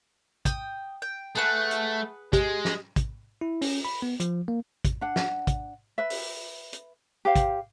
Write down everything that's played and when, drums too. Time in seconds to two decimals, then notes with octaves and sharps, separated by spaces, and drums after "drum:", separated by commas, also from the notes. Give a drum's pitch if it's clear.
0.45 G5 D#6, drum: kick, hi-hat
1.02 G5
1.35 A3 G#4 B4 F#5
1.71 drum: hi-hat
2.33 G#3 G4, drum: kick, hi-hat
2.65 drum: snare
2.96 drum: kick, hi-hat
3.41 E4
3.62 C#4, drum: open hi-hat
3.85 B5
4.02 B3
4.20 F3, drum: hi-hat
4.48 A#3
4.85 drum: kick, hi-hat
5.01 D4 F#5
5.16 drum: snare
5.47 drum: kick, hi-hat
5.98 B4 E5
6.10 drum: open hi-hat
6.73 drum: hi-hat
7.25 G4 C5 F5
7.36 drum: kick, hi-hat